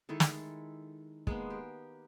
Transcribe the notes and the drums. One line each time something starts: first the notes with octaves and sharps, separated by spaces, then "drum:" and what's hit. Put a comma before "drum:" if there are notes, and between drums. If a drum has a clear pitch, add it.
D#3 G#3 E4 A4
drum: snare
G#3 A#3 B3, drum: kick
G4